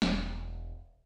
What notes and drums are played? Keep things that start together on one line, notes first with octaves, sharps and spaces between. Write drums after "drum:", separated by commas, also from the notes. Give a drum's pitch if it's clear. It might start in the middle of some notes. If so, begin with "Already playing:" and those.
E1, drum: snare